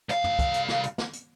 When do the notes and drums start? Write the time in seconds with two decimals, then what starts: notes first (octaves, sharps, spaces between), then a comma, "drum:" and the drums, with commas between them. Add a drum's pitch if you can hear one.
0.09 C2 F5, drum: hi-hat
0.24 drum: tom
0.39 drum: kick, hi-hat
0.54 drum: hi-hat
0.69 drum: snare
0.83 drum: hi-hat
0.98 drum: snare
1.13 drum: hi-hat